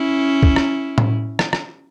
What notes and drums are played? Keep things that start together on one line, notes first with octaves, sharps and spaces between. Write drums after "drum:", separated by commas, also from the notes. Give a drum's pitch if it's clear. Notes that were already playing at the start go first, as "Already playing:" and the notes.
Already playing: C#4 E4
drum: kick
drum: rim click
drum: tom A2
drum: rim click
drum: rim click